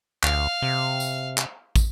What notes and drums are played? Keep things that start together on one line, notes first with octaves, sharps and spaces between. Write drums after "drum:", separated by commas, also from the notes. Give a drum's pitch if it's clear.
D2 F5, drum: clap
C3
drum: tambourine
drum: clap
drum: kick, tambourine